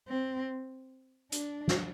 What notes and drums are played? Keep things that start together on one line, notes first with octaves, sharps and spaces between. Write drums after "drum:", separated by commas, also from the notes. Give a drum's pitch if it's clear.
C4
D4, drum: hi-hat
drum: snare